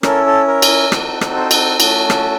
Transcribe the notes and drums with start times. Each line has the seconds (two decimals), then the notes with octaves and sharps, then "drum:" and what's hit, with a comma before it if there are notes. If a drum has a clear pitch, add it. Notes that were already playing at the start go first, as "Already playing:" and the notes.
0.03 C#4 E4 A4 A#4, drum: rim click
0.26 A4
0.47 A#4
0.62 drum: cymbal
0.92 C4 D#4 F#4 A4, drum: rim click
1.21 drum: rim click
1.36 C5
1.51 drum: cymbal
1.80 A3 C#4 F#4 A4, drum: cymbal
2.10 drum: rim click